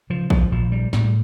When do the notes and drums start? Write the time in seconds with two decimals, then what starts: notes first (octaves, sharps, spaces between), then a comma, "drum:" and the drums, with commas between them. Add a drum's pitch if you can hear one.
0.10 C#3 F3
0.30 F3, drum: kick A#1
0.51 A#1 F3
0.72 G3
0.93 A2 G3, drum: snare